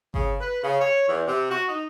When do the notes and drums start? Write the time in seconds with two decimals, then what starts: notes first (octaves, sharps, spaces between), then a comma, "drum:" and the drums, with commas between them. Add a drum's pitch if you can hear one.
0.14 C#3, drum: kick G1
0.40 B4
0.63 C#3
0.80 C#5
1.08 E2
1.27 C3
1.50 F#4
1.68 D#4